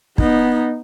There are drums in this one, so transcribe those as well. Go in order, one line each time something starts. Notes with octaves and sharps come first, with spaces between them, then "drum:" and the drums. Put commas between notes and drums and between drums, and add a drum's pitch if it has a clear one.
B3 D#4, drum: kick